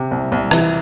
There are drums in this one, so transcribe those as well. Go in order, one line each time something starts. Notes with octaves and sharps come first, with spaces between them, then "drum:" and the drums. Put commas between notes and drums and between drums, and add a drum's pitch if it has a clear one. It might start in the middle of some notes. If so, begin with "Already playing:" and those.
Already playing: C3
C2
C2
E3, drum: rim click